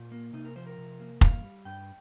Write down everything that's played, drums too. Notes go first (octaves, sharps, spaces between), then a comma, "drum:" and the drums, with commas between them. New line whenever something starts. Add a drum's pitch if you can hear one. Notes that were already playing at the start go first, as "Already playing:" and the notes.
Already playing: A#2
A#3
C3 D#4
A#4
F3 C5
A#4
C3
A#3
G2 F5, drum: kick F1
G3
G2 G5